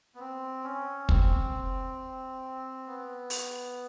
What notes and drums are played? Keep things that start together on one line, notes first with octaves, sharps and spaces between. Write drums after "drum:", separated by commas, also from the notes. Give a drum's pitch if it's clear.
B3
C4
C#4
C4, drum: kick
B3
drum: open hi-hat